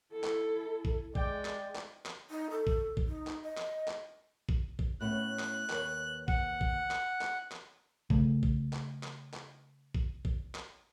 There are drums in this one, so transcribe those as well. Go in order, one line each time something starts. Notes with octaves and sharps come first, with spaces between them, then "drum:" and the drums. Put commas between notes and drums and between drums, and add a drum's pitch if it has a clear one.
E4 A4
drum: clap
drum: kick
G#3 D5 G5, drum: kick
drum: clap
drum: clap
drum: clap
D#4
A4
drum: kick
drum: kick
D#4
drum: clap
D#5
drum: clap
drum: clap
drum: kick
drum: kick
A2 B3 C#4 F#6
drum: clap
D#2 B4 C#5, drum: clap
F#5, drum: kick
drum: kick
drum: clap
drum: clap
drum: clap
C#3 A3, drum: kick
drum: kick
drum: clap
drum: clap
drum: clap
drum: kick
drum: kick
drum: clap